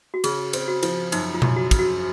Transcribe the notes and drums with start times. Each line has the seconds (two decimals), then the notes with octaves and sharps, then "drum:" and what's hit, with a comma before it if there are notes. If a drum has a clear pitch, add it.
0.14 F#4
0.24 C#3 G#4, drum: cymbal
0.53 C4, drum: cymbal
0.68 F#4
0.83 F3, drum: cymbal
1.12 F#2 D#4, drum: cymbal
1.34 F4
1.42 F#2, drum: tom B2
1.56 F#4
1.71 C#3, drum: kick, cymbal
1.79 F#4